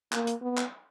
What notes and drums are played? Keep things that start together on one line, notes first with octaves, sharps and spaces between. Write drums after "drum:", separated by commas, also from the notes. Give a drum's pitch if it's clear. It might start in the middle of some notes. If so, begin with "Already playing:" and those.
A#3, drum: clap
drum: hi-hat
B3
drum: clap